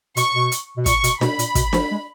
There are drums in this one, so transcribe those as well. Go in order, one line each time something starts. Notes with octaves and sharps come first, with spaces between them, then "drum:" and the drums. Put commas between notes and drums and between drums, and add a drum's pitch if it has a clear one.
B2 C#6, drum: hi-hat
B2
drum: hi-hat
B2
A#2 C#6, drum: kick, hi-hat
B2, drum: hi-hat
B2 B5, drum: snare D4
A#2, drum: hi-hat
B2, drum: kick, hi-hat
F3, drum: snare D4
G#3